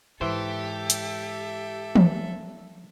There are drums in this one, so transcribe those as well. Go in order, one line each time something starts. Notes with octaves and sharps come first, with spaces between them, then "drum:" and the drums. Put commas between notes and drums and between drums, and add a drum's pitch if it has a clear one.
G#2 E3 G4 A4 C5 E5
drum: hi-hat
drum: tom